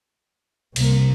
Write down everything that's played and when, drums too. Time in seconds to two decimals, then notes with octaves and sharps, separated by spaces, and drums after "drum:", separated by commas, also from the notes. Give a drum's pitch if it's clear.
0.76 C2 C3 A#3, drum: cymbal